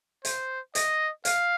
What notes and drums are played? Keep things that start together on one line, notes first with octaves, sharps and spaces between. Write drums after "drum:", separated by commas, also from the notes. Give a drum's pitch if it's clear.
C5, drum: hi-hat
D#5, drum: hi-hat
F5, drum: hi-hat